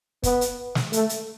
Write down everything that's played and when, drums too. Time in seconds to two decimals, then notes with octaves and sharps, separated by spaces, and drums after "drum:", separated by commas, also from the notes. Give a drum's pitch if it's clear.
0.23 B3, drum: kick, hi-hat
0.41 drum: hi-hat
0.75 drum: snare
0.93 A3, drum: hi-hat
1.09 drum: hi-hat